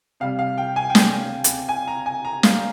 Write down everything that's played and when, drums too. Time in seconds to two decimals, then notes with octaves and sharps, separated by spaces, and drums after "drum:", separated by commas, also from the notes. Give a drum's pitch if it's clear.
0.20 C3 G3 F5
0.39 F5
0.58 G5
0.76 G#5
0.90 G5
0.95 G#5, drum: snare
1.44 drum: hi-hat
1.69 G#5
1.88 A#5
2.06 G#5
2.25 A#5
2.43 F5, drum: snare